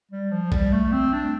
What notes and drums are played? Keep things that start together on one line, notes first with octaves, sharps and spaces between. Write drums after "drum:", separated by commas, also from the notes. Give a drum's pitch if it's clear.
G3
F3
G3, drum: kick A#1
A3
C4
D4